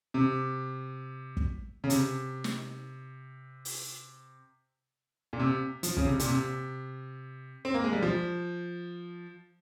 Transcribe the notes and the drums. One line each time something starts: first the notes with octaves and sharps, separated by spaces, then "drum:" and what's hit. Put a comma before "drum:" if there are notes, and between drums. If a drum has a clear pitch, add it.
C3
drum: kick
C#3
C3, drum: hi-hat
drum: snare
drum: open hi-hat
A#2
C3
F3, drum: hi-hat
C#3, drum: kick
C3
A#2, drum: hi-hat
C3
C4
A#3
G#3
G3
F3